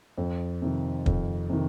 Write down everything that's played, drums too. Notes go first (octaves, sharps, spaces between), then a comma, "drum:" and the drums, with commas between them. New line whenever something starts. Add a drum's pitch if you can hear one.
F2
C3 D#3
F2, drum: kick
C3 D#3